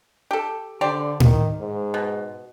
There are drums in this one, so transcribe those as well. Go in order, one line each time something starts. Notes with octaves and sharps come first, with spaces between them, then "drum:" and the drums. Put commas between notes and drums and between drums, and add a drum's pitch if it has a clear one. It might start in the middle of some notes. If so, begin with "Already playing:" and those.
G4 A4
D3 G4 C5 D5
D#3, drum: tom A2
G#2
B2